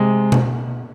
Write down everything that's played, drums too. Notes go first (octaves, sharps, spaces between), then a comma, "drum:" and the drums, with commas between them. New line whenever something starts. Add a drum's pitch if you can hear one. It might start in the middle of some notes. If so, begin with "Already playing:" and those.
Already playing: C3 G#3
drum: tom B2